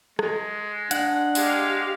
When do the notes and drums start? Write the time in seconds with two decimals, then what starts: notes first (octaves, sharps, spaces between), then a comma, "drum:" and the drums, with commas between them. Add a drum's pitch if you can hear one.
0.19 G#3, drum: rim click
0.91 D4 F#5, drum: hi-hat
1.35 G#3 G4 F5, drum: open hi-hat